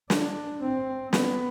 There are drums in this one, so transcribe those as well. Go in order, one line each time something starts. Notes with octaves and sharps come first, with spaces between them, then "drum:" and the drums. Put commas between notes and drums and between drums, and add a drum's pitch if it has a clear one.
D4, drum: snare
C4
B3, drum: snare